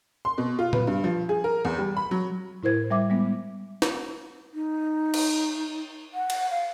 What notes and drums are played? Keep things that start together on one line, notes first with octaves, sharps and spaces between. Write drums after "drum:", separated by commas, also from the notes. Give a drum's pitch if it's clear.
C6
B2
F4
B4, drum: tom A#2
G2
F3
G#4
A#4
E2
G3
B5
F#3
A2 E4 A#4 C5 G#6
G3 E5 D6
G3 G#3 B3
drum: snare
D#4
drum: cymbal
F#5
drum: cymbal
F5